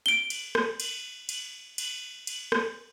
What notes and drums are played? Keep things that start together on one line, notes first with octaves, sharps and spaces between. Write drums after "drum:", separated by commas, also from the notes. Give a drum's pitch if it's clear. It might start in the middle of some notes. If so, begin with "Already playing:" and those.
D7 G7
drum: cymbal
drum: rim click
drum: cymbal
drum: cymbal
drum: cymbal
drum: cymbal
drum: rim click